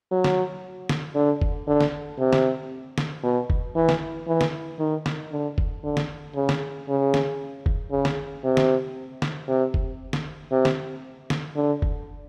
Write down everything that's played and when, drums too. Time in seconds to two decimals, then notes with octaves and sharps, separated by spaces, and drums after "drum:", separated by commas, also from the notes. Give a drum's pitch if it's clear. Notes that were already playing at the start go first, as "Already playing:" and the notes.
0.12 F#3
0.24 drum: snare
0.89 drum: snare
1.15 D3
1.41 drum: kick
1.67 D3
1.81 drum: snare
2.19 C3
2.33 drum: snare
2.98 drum: snare
3.23 B2
3.50 drum: kick
3.76 E3
3.89 drum: snare
4.28 E3
4.41 drum: snare
4.79 D#3
5.06 drum: snare
5.32 D3
5.58 drum: kick
5.84 D3
5.97 drum: snare
6.36 C#3
6.49 drum: snare
6.88 C#3
7.14 drum: snare
7.66 drum: kick
7.91 C#3
8.05 drum: snare
8.44 C3
8.57 drum: snare
9.22 drum: snare
9.48 C3
9.74 drum: kick
10.13 drum: snare
10.52 C3
10.65 drum: snare
11.30 drum: snare
11.56 D3
11.82 drum: kick